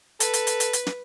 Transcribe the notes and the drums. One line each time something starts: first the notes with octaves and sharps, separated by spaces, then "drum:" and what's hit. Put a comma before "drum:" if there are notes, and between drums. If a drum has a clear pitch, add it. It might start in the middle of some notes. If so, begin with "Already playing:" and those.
A4 B4, drum: hi-hat
drum: hi-hat
drum: hi-hat
drum: hi-hat
drum: hi-hat
drum: snare